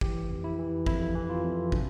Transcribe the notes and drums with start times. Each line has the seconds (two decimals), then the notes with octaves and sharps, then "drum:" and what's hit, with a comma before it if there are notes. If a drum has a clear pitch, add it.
0.01 E3 G4, drum: kick
0.30 F2
0.44 E4
0.59 E3
0.86 F2 E4, drum: kick
1.15 E3
1.29 F4
1.44 F2
1.72 B2 D4, drum: kick